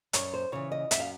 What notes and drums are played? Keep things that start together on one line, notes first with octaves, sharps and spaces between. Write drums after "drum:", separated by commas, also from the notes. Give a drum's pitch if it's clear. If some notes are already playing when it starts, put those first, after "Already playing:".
F#2 C#5, drum: hi-hat
C5
C#3 E3 C#5
D#5
F#2 E5, drum: hi-hat
F5